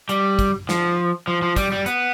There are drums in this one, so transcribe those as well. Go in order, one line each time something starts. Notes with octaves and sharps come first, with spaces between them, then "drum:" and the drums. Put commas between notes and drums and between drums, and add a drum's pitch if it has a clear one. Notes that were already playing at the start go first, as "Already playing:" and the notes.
G3, drum: hi-hat
drum: kick, hi-hat
F3, drum: snare
F3
F3
G3, drum: kick, hi-hat
G3
B3, drum: hi-hat